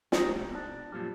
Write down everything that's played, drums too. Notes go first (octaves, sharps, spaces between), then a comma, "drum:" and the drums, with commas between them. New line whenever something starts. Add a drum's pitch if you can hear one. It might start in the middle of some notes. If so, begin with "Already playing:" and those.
G3 B3 C4 D#4 G4 A#4, drum: snare
B2
D4
F#2 A#2 F3 G3